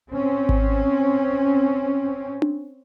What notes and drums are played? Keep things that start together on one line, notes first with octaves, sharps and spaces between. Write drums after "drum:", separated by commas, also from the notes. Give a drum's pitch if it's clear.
C4 C#4
drum: kick G#1
drum: tom D4